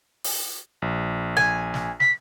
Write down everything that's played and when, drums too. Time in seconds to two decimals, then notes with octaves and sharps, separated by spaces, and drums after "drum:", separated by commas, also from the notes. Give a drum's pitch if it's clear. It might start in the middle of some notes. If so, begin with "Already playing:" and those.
0.24 drum: open hi-hat
0.82 A#1
1.37 G#5, drum: snare
1.74 drum: snare
2.00 B6, drum: snare